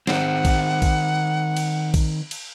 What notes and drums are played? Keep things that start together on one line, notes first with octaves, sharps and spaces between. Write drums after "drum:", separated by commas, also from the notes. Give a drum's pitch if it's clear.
D#3 C4 F#5, drum: snare
drum: kick, cymbal
drum: kick, cymbal
drum: cymbal
drum: kick, cymbal
drum: cymbal